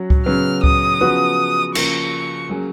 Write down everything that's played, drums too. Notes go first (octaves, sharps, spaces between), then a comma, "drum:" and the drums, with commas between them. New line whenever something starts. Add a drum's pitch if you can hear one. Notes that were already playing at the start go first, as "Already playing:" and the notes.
Already playing: F#3 C#4 F#4
drum: kick C#2
C#3 F#3 B3 F6
D#6, drum: kick C#2
C#3 F3 B3 F#4
C#3 F3 A#3 F4 C#6, drum: cymbal
F#3 A#3 C#4 G#4